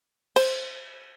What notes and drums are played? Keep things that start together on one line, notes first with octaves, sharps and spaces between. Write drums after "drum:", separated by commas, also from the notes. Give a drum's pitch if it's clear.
C5, drum: cymbal